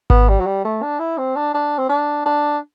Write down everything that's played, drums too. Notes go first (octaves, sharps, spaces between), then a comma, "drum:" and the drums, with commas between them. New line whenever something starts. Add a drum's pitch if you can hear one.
B3, drum: kick G#1
G3
F#3
G3
A3
D4
E4
C4
D4
D4
C4
D4
D4